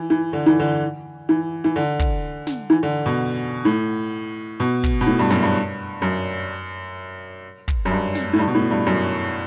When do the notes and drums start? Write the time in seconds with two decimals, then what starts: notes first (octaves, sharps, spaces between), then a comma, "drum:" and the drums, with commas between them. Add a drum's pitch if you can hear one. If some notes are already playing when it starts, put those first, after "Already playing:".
Already playing: E3
0.10 E3
0.33 D3
0.46 E3
0.60 D3
1.29 E3
1.64 E3
1.76 D3
1.99 drum: kick
2.47 drum: snare
2.70 E3
2.83 D3
3.06 B2
3.65 A2
4.60 B2
4.84 drum: kick
5.01 B2
5.07 A2
5.19 G2
5.30 F#2, drum: snare
5.42 G2
6.02 F#2
7.68 drum: kick
7.85 F#2
7.91 G2
8.15 drum: snare
8.33 A2
8.39 G2
8.48 B2
8.55 A2
8.71 G2
8.86 F#2